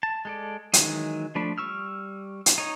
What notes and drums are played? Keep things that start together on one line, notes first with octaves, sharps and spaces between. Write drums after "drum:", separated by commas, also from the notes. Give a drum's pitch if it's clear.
A5
G#3 A4 D5
D#3 E3 F#3 G#3 D#4, drum: hi-hat
F3 A3 D4 B5
G3 C#6 E6 F6
drum: hi-hat
D#4 C#5